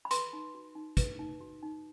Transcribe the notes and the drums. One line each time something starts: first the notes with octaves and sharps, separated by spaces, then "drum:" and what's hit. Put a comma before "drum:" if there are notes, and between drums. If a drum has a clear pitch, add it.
B5
B4 C6, drum: hi-hat
D#4
F#4
D#4
B4, drum: kick, hi-hat
D#4
F#4
D#4